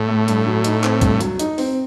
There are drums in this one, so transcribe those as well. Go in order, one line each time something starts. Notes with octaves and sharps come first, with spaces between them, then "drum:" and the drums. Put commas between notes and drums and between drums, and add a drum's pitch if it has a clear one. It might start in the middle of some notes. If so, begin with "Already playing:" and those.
Already playing: A2
A3
G2, drum: hi-hat
F#3
D#4, drum: hi-hat
C4, drum: clap
G2, drum: kick, hi-hat
F#3, drum: hi-hat
D#4, drum: hi-hat
C4, drum: open hi-hat